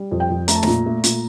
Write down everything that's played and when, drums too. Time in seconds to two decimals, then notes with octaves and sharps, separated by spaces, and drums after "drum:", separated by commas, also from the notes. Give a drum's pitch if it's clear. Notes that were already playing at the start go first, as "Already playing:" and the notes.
Already playing: G3
0.11 F2
0.20 G5
0.30 F2
0.48 A3 A#5, drum: hi-hat
0.55 A5
0.63 A#2 A#5, drum: snare
0.86 A3
1.04 A#2, drum: hi-hat